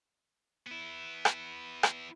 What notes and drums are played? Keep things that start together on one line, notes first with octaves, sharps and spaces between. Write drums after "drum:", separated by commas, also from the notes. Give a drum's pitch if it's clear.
B3 E4
drum: rim click
drum: rim click